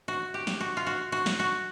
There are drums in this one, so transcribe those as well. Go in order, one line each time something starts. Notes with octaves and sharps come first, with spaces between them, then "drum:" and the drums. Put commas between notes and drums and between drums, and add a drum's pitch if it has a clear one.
F#4
G4
drum: snare
F#4
F4
F#4
F#4
drum: snare
F#4